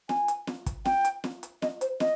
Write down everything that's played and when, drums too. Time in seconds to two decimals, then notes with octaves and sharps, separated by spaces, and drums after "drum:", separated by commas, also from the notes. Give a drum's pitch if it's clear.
0.09 G#5, drum: snare
0.28 drum: hi-hat
0.47 drum: snare
0.66 drum: kick, hi-hat
0.85 G5, drum: snare
1.05 drum: hi-hat
1.24 drum: snare
1.43 drum: hi-hat
1.62 D#5, drum: snare
1.81 C5, drum: hi-hat
2.00 D#5, drum: snare